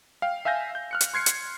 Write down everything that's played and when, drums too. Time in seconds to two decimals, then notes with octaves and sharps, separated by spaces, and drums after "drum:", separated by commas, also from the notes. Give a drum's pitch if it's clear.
0.22 F5 G5
0.45 E5 F5 G#5 G6 A#6
0.75 G6
0.91 F6 F#6 C#7
1.01 drum: hi-hat
1.14 C6 G#6 C7 C#7
1.26 drum: hi-hat